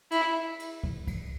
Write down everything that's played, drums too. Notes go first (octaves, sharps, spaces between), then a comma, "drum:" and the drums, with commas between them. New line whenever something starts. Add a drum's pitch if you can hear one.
E4, drum: cymbal
drum: cymbal
drum: kick C2
drum: kick C2, cymbal